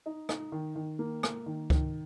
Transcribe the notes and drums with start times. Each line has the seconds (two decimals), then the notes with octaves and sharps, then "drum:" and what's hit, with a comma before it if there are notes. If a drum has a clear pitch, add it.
0.06 D#4
0.29 D#4, drum: rim click
0.52 D#3
0.76 D#3
0.99 A#3
1.23 A#3, drum: rim click
1.46 D#3
1.70 D#3, drum: kick C#2